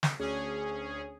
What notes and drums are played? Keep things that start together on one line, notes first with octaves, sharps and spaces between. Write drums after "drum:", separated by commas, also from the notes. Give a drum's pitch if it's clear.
drum: snare
D2 C#4 G#4